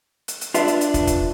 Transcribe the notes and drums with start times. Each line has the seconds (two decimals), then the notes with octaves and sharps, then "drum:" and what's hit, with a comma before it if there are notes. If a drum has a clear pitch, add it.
0.28 drum: hi-hat
0.41 drum: hi-hat
0.54 D4 F4 B4 E5, drum: hi-hat
0.68 drum: hi-hat
0.81 drum: hi-hat
0.94 drum: kick, hi-hat
1.07 drum: kick, hi-hat